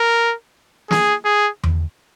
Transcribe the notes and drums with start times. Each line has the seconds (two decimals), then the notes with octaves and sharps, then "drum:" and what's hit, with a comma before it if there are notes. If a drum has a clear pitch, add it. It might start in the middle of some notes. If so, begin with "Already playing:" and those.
Already playing: A#4
0.91 G#4, drum: snare
1.25 G#4
1.64 drum: tom E2